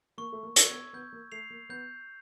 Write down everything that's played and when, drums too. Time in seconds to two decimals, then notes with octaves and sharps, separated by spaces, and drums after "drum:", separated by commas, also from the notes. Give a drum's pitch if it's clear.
0.18 A#3 C#6
0.32 A3
0.43 A#3
0.56 E6 G#6, drum: hi-hat
0.69 B3
0.93 B3 G6
1.12 A#3
1.32 A3 C7 F7
1.50 A#3
1.69 B3 G6